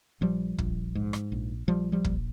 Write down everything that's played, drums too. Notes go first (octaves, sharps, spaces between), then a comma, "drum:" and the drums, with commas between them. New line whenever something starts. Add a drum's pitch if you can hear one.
A#1 F3 G3
A#1, drum: kick
G#2
drum: rim click
A#1
A#1 F3 G3
F3 G3
A#1, drum: kick